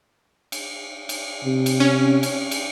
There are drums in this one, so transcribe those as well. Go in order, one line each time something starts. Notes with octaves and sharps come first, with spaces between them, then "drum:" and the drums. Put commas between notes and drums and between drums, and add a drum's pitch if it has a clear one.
drum: cymbal
drum: cymbal
C3
drum: cymbal
C#4
drum: cymbal
drum: cymbal